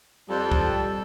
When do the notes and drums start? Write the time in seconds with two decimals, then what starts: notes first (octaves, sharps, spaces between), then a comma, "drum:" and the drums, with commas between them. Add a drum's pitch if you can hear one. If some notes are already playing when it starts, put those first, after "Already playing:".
0.29 F2 G3 A4
0.52 drum: kick C2